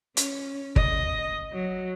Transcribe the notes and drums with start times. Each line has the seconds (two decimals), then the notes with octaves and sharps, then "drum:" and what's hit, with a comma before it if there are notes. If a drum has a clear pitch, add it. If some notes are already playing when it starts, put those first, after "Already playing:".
0.17 C#4, drum: hi-hat
0.76 D#5, drum: kick
1.53 F#3